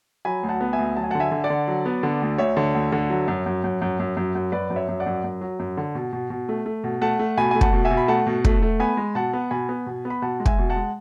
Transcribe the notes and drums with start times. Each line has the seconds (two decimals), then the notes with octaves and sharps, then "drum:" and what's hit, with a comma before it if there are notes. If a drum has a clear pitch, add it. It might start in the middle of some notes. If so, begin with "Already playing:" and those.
0.25 F#3 G#5 B5
0.43 D2
0.49 F#5 A5
0.61 B3
0.73 E5 G#5
0.79 D2
0.96 F#3 A5
1.04 G#5
1.11 D3 F#5 A5
1.20 E5 G#5
1.32 D3
1.44 D5 F#5
1.50 D3
1.68 F#3
1.86 B3
2.03 D3
2.22 D2
2.38 D2 C#5 E5
2.57 D3
2.75 D2
2.92 D3
3.10 F#3
3.28 F#2
3.46 F#2
3.64 F#2
3.82 F#2
4.00 F#2
4.17 F#2
4.35 F#2
4.52 F#2 B4 D5
4.70 F#2
4.76 C#5 E5
4.88 F#2
5.00 D5 F#5
5.06 F#2
5.24 F#2
5.41 F#3
5.59 F#2
5.77 D3
5.95 B2
6.13 B2
6.30 B2
6.49 A3
6.66 A3
6.84 B2
7.01 A3 F#5 A5
7.19 A3
7.37 B2 G#5 B5
7.51 A3 G#5
7.61 F#5 A5, drum: kick
7.73 B2
7.85 E5 G#5
7.91 B2
7.97 B5
8.08 A3 F#5 A5
8.27 B2
8.44 A3, drum: kick
8.62 A3
8.80 B3 G#5 B5
8.97 G#3
9.15 B2 F#5 A5
9.33 B3
9.51 B2 G#5 B5
9.69 B3
9.87 B2
10.05 B3
10.10 B5
10.22 B2 F#5 A5
10.40 G#3
10.46 E5 G#5, drum: kick
10.59 B2
10.70 F#5 A5
10.76 G#3